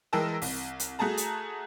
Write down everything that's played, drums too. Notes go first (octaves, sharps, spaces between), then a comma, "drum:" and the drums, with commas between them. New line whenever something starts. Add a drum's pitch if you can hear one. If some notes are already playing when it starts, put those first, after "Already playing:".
E3 G#3 A#4 G5 A5 E6
C2, drum: open hi-hat
drum: hi-hat
A3 F#4 G#4 A5 A#5
drum: hi-hat